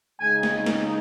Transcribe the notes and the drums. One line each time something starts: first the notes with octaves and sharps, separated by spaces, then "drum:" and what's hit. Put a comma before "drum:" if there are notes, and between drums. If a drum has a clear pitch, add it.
C#3 G#3 D#4 G#5
drum: snare
drum: snare